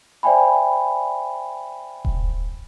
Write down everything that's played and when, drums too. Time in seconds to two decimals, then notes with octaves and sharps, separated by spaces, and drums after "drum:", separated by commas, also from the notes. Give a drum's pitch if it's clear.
0.23 C5 D5 E5 G5 G#5 B5
2.05 drum: kick D#1